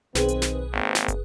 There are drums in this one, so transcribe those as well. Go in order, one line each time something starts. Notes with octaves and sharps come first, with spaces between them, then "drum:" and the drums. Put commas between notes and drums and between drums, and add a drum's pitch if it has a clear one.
B1 D#3 C4 G#4 B4, drum: snare
drum: hi-hat
drum: snare
G#1 A#3 C4 A#4
drum: snare
drum: kick, hi-hat